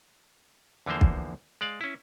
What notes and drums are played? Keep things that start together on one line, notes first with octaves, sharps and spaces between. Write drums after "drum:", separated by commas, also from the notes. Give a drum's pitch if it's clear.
E2 D3 E3 F3 A#3 C5
drum: kick
G#3 D5 F5
C#4 E4